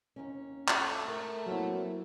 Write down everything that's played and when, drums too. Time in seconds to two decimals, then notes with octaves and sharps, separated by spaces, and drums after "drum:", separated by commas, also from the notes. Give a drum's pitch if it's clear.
0.16 D#2 A#3 C#4
0.68 A3, drum: clap
1.08 A#4
1.46 F#3 A#3 C4 E4